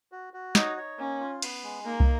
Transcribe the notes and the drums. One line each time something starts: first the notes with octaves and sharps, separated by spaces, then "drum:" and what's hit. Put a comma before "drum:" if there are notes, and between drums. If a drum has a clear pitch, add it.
F#4
F#4
D#4 C#5, drum: snare
C#5
A#3 C#4
F4
B3, drum: cymbal
G#3
A#3 D#4
drum: kick